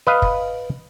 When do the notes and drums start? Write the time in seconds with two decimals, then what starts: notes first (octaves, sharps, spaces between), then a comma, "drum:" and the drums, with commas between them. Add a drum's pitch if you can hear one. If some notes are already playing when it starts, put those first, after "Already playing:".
0.07 B4 D#5 F5
0.22 drum: kick